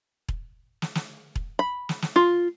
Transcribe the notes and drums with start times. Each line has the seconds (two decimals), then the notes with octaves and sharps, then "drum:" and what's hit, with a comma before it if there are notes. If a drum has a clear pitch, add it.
0.29 drum: kick E1
0.82 drum: snare
0.95 drum: snare
1.35 drum: kick E1
1.59 B5
1.89 drum: snare
2.02 drum: snare
2.16 F4